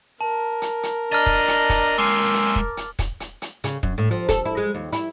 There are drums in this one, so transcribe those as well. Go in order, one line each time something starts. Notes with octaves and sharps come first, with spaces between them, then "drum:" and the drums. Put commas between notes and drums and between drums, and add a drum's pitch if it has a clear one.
A#4 A5
drum: hi-hat
drum: hi-hat
D4 D#5 A#5 F6 A6
drum: kick
drum: hi-hat
drum: kick, hi-hat
G#3 A#3 G#5 C6 D6 E6
drum: hi-hat
drum: kick
drum: hi-hat
drum: kick, hi-hat
drum: hi-hat
drum: hi-hat
C#3, drum: hi-hat
F#2, drum: kick
A2
F3
A4, drum: kick, hi-hat
E4
G#3
D#2
E4, drum: hi-hat